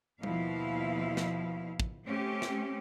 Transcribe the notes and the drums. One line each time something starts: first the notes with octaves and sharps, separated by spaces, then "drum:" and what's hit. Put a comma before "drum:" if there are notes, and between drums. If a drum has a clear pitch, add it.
D#2 B2 F3 E4 F5, drum: tom G3
drum: snare
drum: kick
A3 C4 C#4 G4
drum: snare